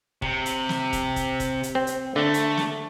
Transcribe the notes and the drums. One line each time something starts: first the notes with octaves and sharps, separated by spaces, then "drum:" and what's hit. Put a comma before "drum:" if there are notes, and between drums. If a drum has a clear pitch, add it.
C3, drum: kick D#1
drum: hi-hat
drum: snare
drum: kick D#1, hi-hat
drum: kick D#1, hi-hat
drum: kick D#1, hi-hat
drum: hi-hat
C4
drum: hi-hat
D3 A3
drum: hi-hat
drum: snare